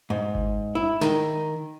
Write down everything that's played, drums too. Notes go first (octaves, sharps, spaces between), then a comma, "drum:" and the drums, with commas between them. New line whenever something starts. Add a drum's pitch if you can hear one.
G#2
drum: kick G1
E4
D#3, drum: snare